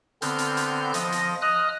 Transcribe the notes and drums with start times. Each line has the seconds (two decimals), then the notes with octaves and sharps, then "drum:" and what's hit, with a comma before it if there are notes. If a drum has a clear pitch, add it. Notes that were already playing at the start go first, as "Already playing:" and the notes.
0.22 D3 B3 C4 F6 G6, drum: hi-hat
0.38 drum: hi-hat
0.57 drum: hi-hat
0.94 F3 D#5 A#6, drum: hi-hat
1.12 drum: hi-hat
1.42 D#5 D#6 F6 F#6